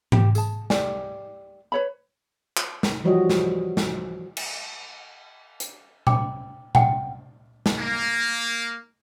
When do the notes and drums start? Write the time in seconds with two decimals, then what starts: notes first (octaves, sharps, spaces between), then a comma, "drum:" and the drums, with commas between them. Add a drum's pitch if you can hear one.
0.12 G4, drum: tom G#2
0.35 G#4 A5, drum: tambourine
0.70 G4 D5 G#5, drum: snare
1.72 B4 C#5 B5
2.57 drum: clap
2.83 drum: snare
3.04 E3 F3 G3 F#4 C#5 D#5
3.30 drum: snare
3.77 drum: snare
4.37 drum: cymbal
5.60 drum: hi-hat
6.07 G5 D6, drum: tom A#2
6.75 F#5 G5, drum: tom A#2
7.66 drum: snare
7.78 A#3